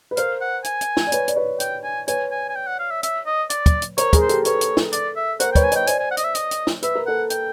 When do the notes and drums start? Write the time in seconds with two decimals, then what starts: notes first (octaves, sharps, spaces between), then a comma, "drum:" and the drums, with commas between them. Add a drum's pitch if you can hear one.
0.11 B4
0.17 A#4 C5 F5, drum: hi-hat
0.41 F#5
0.64 G#5, drum: hi-hat
0.81 drum: hi-hat
0.97 drum: snare
1.07 D5
1.12 B4 C#5, drum: hi-hat
1.28 D5, drum: hi-hat
1.36 B4 C#5
1.60 G5, drum: hi-hat
1.84 G#5
2.08 B4 C#5 G#5, drum: hi-hat
2.31 G#5
2.49 G#5
2.55 G5
2.67 F#5
2.79 F5
2.91 E5
3.03 E5, drum: hi-hat
3.26 D#5
3.50 D5, drum: hi-hat
3.66 drum: kick, hi-hat
3.82 drum: hi-hat
3.98 A#4 C5 C#5, drum: hi-hat
4.13 G#4 A#4, drum: kick, hi-hat
4.22 C5
4.29 G4 A4, drum: hi-hat
4.45 A4 B4 C#5, drum: hi-hat
4.61 drum: hi-hat
4.77 drum: snare
4.93 D5, drum: hi-hat
5.16 E5
5.40 A#4 C5 F#5, drum: hi-hat
5.52 G5
5.55 B4 C#5, drum: kick, hi-hat
5.63 G#5
5.72 C#5 D#5 G5, drum: hi-hat
5.87 C5 D5 G#5, drum: hi-hat
5.99 G#5
6.11 F#5
6.17 D#5, drum: hi-hat
6.24 E5
6.35 D#5, drum: hi-hat
6.51 drum: hi-hat
6.67 drum: snare
6.82 B4 E5, drum: hi-hat
6.95 A#4
7.07 A4 B4 F#5
7.30 G5, drum: hi-hat